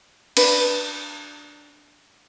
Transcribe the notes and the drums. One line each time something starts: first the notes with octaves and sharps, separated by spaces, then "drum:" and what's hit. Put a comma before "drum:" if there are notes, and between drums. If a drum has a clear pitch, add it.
D4 B4, drum: cymbal